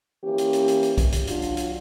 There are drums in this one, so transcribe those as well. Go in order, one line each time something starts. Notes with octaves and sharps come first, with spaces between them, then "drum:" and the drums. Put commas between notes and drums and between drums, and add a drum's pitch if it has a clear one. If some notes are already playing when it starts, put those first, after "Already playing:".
E3 A#3 C#4 G4
drum: hi-hat
drum: hi-hat
drum: hi-hat
drum: hi-hat
drum: kick B1, hi-hat
drum: hi-hat
F#3 D4 F4 F#4, drum: hi-hat
drum: hi-hat
drum: hi-hat